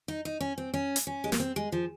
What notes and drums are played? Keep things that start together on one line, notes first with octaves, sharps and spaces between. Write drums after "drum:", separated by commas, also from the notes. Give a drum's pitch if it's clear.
D#4
D#4
C#4
C4
C#4
drum: hi-hat
C#4
G#3
A#3, drum: snare
C4
G#3
F3